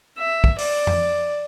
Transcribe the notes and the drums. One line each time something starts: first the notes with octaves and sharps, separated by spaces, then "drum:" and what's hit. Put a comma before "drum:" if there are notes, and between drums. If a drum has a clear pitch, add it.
E5
drum: kick
D5, drum: open hi-hat
drum: tom F2